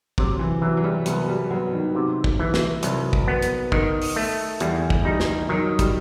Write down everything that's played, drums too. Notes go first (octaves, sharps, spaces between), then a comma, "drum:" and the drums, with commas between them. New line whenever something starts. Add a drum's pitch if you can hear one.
C3 F#3, drum: kick
E3
E3 F#3
F#3
G3
C2 B3, drum: hi-hat
G3
F#3 B3
D#3
C3
drum: kick
E3
drum: snare
C2 F#3, drum: hi-hat
drum: kick
B3
drum: hi-hat
D#3, drum: kick
drum: open hi-hat
A3
E2 G3, drum: hi-hat
drum: kick
G3 D#4
drum: snare
D#3 F#3
G3, drum: kick, hi-hat